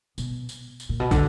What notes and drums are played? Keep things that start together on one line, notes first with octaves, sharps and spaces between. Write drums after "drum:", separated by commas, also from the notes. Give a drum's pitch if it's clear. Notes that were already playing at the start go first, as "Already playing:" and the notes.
B2, drum: tambourine
drum: tambourine
drum: tambourine
A#2
B2
D3, drum: kick, tambourine